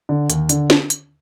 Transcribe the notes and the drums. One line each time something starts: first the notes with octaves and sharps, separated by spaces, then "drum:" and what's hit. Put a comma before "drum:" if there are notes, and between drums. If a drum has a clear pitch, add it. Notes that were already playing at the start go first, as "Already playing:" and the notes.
D3
D#2, drum: hi-hat
D3, drum: hi-hat
drum: snare
drum: hi-hat